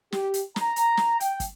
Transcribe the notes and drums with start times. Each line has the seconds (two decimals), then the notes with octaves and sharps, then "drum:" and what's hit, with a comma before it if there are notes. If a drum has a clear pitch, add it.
0.12 G4, drum: snare
0.34 drum: hi-hat
0.56 A#5, drum: snare
0.76 drum: hi-hat
0.97 drum: snare
1.20 G5, drum: hi-hat
1.40 drum: kick, hi-hat